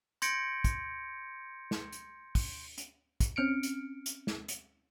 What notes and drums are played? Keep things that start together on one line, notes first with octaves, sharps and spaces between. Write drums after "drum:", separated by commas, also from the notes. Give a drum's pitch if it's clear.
C6 G6 G#6 A#6 C#7 D7, drum: hi-hat
drum: kick, hi-hat
drum: snare
drum: hi-hat
drum: kick, open hi-hat
drum: hi-hat
drum: kick, hi-hat
C4 C#4 F6 C#7 D7
drum: hi-hat
drum: hi-hat
drum: snare
drum: hi-hat